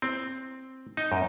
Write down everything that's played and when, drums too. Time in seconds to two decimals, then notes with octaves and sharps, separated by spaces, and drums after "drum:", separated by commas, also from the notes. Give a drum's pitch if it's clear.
0.02 C4, drum: snare
0.97 D#4, drum: open hi-hat
1.12 F#2